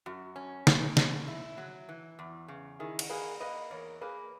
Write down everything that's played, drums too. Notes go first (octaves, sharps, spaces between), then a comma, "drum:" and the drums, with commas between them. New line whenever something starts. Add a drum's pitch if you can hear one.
F#2 F#4
C#4
F#2, drum: snare
C#3, drum: snare
E4
F#3
E3
E2
C#3
D#3 E4 G#4
drum: cymbal
A#3 G#4 B4
A#3 B4 D#5
E2 A#4 C#5
A#3 G#4 B4